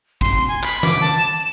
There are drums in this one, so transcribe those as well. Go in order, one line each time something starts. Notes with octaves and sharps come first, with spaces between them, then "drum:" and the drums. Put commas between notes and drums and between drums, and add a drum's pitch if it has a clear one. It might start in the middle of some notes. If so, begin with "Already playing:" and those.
C6, drum: kick
G#5
B5, drum: clap
D6, drum: tom D#3
A5
E7